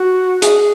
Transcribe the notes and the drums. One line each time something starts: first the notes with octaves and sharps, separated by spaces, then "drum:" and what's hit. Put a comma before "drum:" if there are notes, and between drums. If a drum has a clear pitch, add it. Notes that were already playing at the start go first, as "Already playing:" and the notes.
Already playing: F#4
G#4, drum: hi-hat